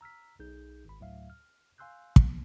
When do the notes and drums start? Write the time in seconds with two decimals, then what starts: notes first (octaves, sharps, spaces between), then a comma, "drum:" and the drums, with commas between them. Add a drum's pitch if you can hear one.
0.01 A#5 E6 F6 B6
0.39 B1 D#4 G#4 G6
0.85 G#1 B5
1.00 D2 A2 F#3 E5 F5
1.30 F6
1.78 F5 G#5 C6 E6 F#6 G6
2.16 drum: kick